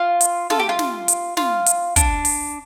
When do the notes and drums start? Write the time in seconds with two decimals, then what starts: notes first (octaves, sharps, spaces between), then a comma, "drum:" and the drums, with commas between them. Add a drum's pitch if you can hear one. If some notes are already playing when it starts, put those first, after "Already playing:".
Already playing: F4
0.21 drum: hi-hat
0.50 F4 A4, drum: snare
0.59 G4
0.69 F4
0.79 drum: snare
1.08 drum: hi-hat
1.37 F4, drum: snare
1.66 drum: hi-hat
1.96 D4, drum: kick, hi-hat
2.25 drum: open hi-hat